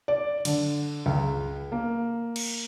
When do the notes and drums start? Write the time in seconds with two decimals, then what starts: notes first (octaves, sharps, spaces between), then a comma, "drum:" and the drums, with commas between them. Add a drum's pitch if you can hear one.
0.08 D5
0.45 D3, drum: cymbal
1.06 C#2
1.72 A#3
2.36 drum: cymbal